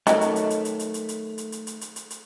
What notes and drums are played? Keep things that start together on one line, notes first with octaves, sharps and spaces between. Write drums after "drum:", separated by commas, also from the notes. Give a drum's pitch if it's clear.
D#3 F#3 A3, drum: hi-hat
drum: hi-hat
drum: hi-hat
drum: hi-hat
drum: hi-hat
drum: hi-hat
drum: hi-hat
drum: hi-hat
drum: hi-hat
drum: hi-hat
drum: hi-hat
drum: hi-hat
drum: hi-hat
drum: hi-hat